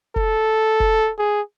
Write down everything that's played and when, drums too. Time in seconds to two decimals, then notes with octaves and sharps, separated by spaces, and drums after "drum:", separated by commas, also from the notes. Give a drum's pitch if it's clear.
0.16 A4, drum: kick
0.80 drum: kick
1.19 G#4